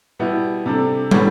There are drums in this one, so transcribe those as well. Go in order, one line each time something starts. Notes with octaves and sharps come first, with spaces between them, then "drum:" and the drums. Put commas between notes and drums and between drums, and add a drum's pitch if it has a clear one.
B2 G3 B3 E4
C3 G3 D4 A4
A2 G3 B3, drum: tom